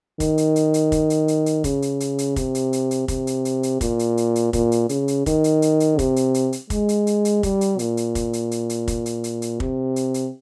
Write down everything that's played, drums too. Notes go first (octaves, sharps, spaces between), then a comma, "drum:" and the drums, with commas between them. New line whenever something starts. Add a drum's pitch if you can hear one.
D#3, drum: kick, hi-hat
drum: hi-hat
drum: hi-hat
drum: hi-hat
drum: kick, hi-hat
drum: hi-hat
drum: hi-hat
drum: hi-hat
C#3, drum: kick, hi-hat
drum: hi-hat
drum: hi-hat
drum: hi-hat
C3, drum: kick, hi-hat
drum: hi-hat
drum: hi-hat
drum: hi-hat
C3, drum: kick, hi-hat
drum: hi-hat
drum: hi-hat
drum: hi-hat
A#2, drum: kick, hi-hat
drum: hi-hat
drum: hi-hat
drum: hi-hat
A#2, drum: kick, hi-hat
drum: hi-hat
C#3, drum: hi-hat
drum: hi-hat
D#3, drum: kick, hi-hat
drum: hi-hat
drum: hi-hat
drum: hi-hat
C3, drum: kick, hi-hat
drum: hi-hat
drum: hi-hat
drum: hi-hat
G#3, drum: kick, hi-hat
drum: hi-hat
drum: hi-hat
drum: hi-hat
G3, drum: kick, hi-hat
drum: hi-hat
A#2, drum: hi-hat
drum: hi-hat
drum: kick, hi-hat
drum: hi-hat
drum: hi-hat
drum: hi-hat
drum: kick, hi-hat
drum: hi-hat
drum: hi-hat
drum: hi-hat
C3, drum: kick
drum: hi-hat
drum: hi-hat